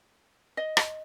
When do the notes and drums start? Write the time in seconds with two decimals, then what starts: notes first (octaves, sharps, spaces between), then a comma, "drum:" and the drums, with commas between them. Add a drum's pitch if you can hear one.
0.57 D#5
0.77 drum: rim click